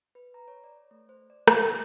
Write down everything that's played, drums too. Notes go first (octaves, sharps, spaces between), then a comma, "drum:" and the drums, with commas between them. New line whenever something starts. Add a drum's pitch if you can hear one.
B4
A#5
C#5
D5
A3
C5
D5
E4, drum: rim click
D#6